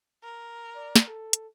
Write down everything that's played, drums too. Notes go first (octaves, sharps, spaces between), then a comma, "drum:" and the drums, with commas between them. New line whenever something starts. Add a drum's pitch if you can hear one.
A#4
D5
drum: snare
A4
drum: hi-hat